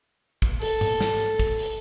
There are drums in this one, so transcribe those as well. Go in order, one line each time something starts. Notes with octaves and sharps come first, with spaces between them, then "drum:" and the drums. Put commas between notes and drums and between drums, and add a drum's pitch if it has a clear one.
drum: kick, hi-hat
A4, drum: open hi-hat
drum: tom G#2
drum: snare
drum: hi-hat
drum: kick, hi-hat
drum: open hi-hat